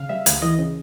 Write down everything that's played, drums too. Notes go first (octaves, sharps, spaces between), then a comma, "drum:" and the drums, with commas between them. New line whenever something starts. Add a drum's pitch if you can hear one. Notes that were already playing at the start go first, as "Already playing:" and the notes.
Already playing: C#3 F5
G3 E5
D2, drum: hi-hat
E3 D#5
C#3